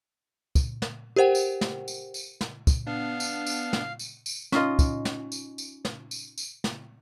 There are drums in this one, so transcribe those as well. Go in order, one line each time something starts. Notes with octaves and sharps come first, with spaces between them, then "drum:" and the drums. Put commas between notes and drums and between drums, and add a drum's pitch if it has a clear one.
drum: kick, tambourine
drum: snare
G4 A#4 C5 F#5 G5
drum: tambourine
drum: snare
drum: tambourine
drum: tambourine
drum: snare
drum: kick, tambourine
B3 D4 F5
drum: tambourine
drum: tambourine
drum: snare
drum: tambourine
drum: tambourine
C#4 D#4 F4 D#5, drum: snare
drum: kick, tambourine
drum: snare
drum: tambourine
drum: tambourine
drum: snare
drum: tambourine
drum: tambourine
drum: snare